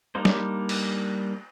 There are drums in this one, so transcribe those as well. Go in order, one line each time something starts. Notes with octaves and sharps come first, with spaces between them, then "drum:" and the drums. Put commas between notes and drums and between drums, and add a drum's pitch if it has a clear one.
G3 A#3 D4 D#4 C5
drum: snare
drum: cymbal